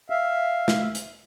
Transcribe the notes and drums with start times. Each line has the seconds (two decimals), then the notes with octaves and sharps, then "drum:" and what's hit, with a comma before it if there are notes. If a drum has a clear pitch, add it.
0.10 E5 F5
0.68 drum: snare
0.95 drum: hi-hat